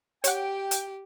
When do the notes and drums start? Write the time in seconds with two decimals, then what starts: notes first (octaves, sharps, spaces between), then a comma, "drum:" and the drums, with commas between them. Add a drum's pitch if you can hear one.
0.24 G4 C#5 F#5 G5, drum: hi-hat
0.71 drum: hi-hat